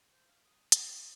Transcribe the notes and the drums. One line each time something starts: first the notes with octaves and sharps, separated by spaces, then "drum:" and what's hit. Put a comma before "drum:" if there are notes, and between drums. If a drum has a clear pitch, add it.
C5
F5
D#6
D5, drum: hi-hat
C#6